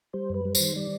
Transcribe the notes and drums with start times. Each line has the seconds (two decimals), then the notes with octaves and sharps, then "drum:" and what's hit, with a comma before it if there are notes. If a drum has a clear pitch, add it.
0.14 G3 C5
0.30 F#2 B4
0.45 G3
0.55 C5, drum: tambourine
0.60 D#3
0.76 G3 D5